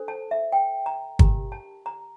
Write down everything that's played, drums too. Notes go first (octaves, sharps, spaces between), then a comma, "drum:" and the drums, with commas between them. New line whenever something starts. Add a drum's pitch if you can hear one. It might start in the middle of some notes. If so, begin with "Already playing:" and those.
Already playing: D4 A4 C5
A5
E5
G5
A#5
D4 G4 A#4 A#5, drum: kick
A5
A#5